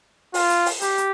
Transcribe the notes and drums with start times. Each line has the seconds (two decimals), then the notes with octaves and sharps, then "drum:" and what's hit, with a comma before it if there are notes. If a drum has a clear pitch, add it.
0.34 F4, drum: open hi-hat
0.50 drum: hi-hat
0.66 drum: open hi-hat
0.81 G4, drum: hi-hat
0.98 drum: hi-hat